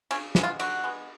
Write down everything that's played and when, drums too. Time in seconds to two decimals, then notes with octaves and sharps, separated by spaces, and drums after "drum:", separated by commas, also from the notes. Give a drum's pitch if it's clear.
0.11 C#3 C#4, drum: cymbal
0.35 G#3 B3, drum: snare
0.43 F4
0.59 D3 F#4, drum: cymbal
0.84 G#3 B3